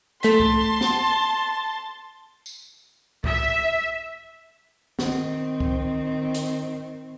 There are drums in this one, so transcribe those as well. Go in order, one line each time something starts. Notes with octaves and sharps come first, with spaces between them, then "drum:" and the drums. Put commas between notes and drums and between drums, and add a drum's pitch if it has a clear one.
A3 A5 C6 B6, drum: hi-hat
drum: kick C2
drum: snare
drum: tambourine
E5, drum: kick C2
D#3 C4, drum: snare
drum: kick C2
drum: hi-hat